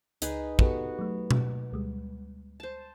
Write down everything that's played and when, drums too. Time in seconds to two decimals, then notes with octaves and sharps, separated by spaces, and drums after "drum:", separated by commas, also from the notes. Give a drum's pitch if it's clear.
0.22 C#2 D#4 G#4 B4, drum: hi-hat
0.59 B3 F#4 G4 A4 B4, drum: kick
0.99 F#3 A3
1.31 drum: tom B2
1.72 D2 G3 G#3
2.60 C5 A5